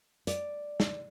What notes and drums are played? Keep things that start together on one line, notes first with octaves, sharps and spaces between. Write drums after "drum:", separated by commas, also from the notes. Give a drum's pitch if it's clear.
D5, drum: hi-hat
drum: snare